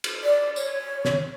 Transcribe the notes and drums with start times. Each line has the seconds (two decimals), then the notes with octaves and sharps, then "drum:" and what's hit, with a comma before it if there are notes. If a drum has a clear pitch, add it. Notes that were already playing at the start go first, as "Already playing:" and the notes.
0.04 drum: cymbal
0.24 D5
0.56 C#5, drum: tambourine
1.05 drum: snare